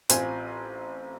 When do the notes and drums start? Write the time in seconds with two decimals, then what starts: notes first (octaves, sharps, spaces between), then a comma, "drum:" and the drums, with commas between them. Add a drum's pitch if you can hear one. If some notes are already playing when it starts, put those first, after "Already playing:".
0.09 A1 C4 F4 G#5, drum: hi-hat